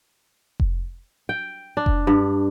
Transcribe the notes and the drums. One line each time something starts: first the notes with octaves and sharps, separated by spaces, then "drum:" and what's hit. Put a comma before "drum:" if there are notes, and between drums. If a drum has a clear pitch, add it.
drum: kick F1
G5
D4
drum: kick F1
G2